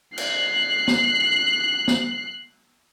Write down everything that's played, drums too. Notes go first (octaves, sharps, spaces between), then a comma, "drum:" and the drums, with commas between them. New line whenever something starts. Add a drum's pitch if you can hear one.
F#6 C7, drum: cymbal
drum: snare
drum: snare